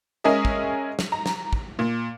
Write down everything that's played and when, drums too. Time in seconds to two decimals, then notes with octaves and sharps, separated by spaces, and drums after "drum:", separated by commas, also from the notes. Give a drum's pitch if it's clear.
0.24 G#3 C#4 G#4 A#4 D#5 E5
0.45 drum: kick
0.99 drum: snare
1.12 A#5
1.26 drum: snare
1.53 drum: kick
1.79 A#2